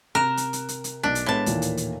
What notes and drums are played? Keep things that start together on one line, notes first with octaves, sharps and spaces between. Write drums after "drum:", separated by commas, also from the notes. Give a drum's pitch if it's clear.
C3 A#4 F#6 E7
drum: hi-hat
drum: hi-hat
drum: hi-hat
drum: hi-hat
B1 D4 D5 B6
drum: hi-hat
A2 G#3 B3 D4 A5
D#2 A#2 E3, drum: hi-hat
drum: hi-hat
drum: hi-hat